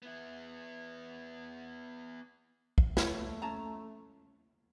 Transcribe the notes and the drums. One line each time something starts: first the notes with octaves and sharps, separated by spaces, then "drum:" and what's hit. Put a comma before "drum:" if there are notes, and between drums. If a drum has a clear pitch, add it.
B3 E4
drum: kick
A3 B4 C#5, drum: snare
C#4 A5 A#5